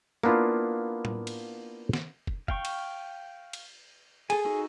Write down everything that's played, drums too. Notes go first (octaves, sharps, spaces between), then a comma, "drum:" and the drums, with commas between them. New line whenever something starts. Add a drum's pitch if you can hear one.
A#3 B3 D4 E4 F4, drum: rim click
drum: tom A2
drum: cymbal
drum: snare
drum: kick
F5 G5 C#6, drum: kick
drum: cymbal
drum: cymbal
G#4 A4 G#5, drum: cymbal
D#4 F#4 A4